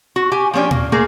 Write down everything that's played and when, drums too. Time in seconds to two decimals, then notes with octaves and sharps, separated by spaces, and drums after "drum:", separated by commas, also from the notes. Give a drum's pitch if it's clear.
0.16 F#4
0.32 G4 G#5
0.53 F3 A#3 C#4 D4 G4
0.71 A#3, drum: tom A#2
0.92 A3 A#3 G#4